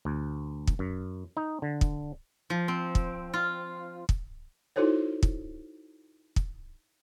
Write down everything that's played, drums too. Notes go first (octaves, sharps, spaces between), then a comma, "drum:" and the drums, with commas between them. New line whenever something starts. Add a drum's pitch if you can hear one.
D2
drum: kick
F#2
D#4
D3
drum: kick
F3
C4
drum: kick
F4
drum: kick
D#4 E4 F#4 A4 C5 C#5
drum: kick
drum: kick